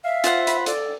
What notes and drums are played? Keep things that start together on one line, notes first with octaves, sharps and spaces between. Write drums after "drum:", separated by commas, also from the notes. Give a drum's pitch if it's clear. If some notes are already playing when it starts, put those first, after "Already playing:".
E5 F5
F4 C5 F#5, drum: hi-hat
B5, drum: hi-hat
A4 D5, drum: hi-hat